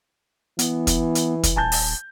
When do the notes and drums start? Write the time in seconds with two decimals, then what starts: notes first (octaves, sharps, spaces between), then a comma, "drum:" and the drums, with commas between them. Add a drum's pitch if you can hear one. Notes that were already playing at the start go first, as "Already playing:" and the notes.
0.59 E3 B3, drum: hi-hat
0.87 drum: kick, hi-hat
1.15 drum: hi-hat
1.43 drum: kick, hi-hat
1.56 D#1 G#5 A5 G6
1.72 drum: open hi-hat